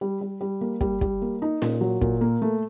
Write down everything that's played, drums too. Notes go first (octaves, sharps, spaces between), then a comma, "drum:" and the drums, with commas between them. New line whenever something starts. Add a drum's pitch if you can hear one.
G3
G3
G3
A#3
G3, drum: kick
G3, drum: kick
A#3
D#4
A#2, drum: snare C#4
F#3
A#2, drum: kick
A#3
A3